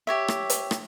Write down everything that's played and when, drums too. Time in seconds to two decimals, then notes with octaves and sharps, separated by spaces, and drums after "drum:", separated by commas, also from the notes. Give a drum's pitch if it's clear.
0.07 G4 C#5 E5
0.28 drum: rim click
0.50 drum: hi-hat
0.71 drum: rim click